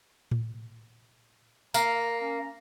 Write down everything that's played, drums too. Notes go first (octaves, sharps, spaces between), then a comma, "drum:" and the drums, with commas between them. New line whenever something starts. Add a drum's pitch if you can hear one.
drum: tom A2
A#3 A#5, drum: tambourine
C#4 A#5